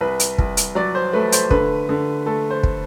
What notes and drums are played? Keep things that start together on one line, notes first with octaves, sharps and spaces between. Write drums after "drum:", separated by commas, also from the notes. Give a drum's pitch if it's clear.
C2 B4
drum: hi-hat
C2, drum: kick
drum: hi-hat
F#3 D5
C5
A3 B4
C5, drum: hi-hat
D3 B4, drum: kick
D3
A3 A4
C5
drum: kick